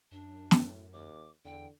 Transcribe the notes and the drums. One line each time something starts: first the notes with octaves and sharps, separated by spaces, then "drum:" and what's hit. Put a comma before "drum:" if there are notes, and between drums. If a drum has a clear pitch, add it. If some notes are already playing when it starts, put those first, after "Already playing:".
F#2 D4
A2, drum: snare
D#2 D6
E2 D3 G5